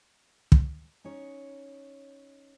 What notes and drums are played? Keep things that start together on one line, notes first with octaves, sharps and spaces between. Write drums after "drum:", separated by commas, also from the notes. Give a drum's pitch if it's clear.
drum: kick
C#4 D#4 C#5